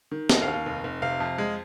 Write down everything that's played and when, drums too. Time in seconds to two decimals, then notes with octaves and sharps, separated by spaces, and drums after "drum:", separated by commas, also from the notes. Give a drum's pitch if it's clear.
0.12 D#3
0.30 D#2 D#5, drum: snare
0.42 F5
0.48 D#2
0.53 F5
0.66 F1
0.84 F1
1.02 C3 F5
1.20 F2
1.38 G#3